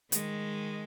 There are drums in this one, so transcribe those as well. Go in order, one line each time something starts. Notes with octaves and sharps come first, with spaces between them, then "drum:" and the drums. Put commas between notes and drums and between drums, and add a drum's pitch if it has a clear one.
D#3 G#3, drum: hi-hat